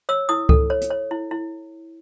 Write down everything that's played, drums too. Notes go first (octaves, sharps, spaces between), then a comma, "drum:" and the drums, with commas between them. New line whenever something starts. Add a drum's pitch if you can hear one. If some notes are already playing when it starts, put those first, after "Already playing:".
C#5 E6
E4 D#6
A4, drum: kick C#2
C#5
drum: hi-hat
C#5
E4
E4